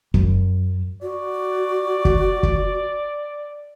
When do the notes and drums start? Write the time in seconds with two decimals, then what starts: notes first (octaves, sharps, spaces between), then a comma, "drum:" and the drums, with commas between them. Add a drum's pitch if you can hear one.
0.14 F#2, drum: kick
1.02 F#4 D5
2.05 drum: kick
2.43 drum: kick